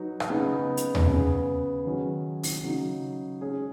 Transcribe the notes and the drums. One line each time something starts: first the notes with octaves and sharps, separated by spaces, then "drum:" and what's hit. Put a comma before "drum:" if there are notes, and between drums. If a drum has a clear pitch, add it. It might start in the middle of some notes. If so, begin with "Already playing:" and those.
Already playing: F#3 D#4 F#4 B4
drum: rim click
C#3 B3 D#4 G#4
drum: hi-hat
drum: tom D#2
C#3 B3 G#4 B4
D#3 F#3 C#4 G#4
drum: open hi-hat
C#3 F#3 D#4
G#3 C#4 G#4